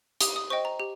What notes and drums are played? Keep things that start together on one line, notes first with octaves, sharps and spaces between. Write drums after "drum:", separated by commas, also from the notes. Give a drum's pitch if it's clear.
G4 D#6, drum: hi-hat
D#6
C5 D#5 G5 C#6
A#5
G4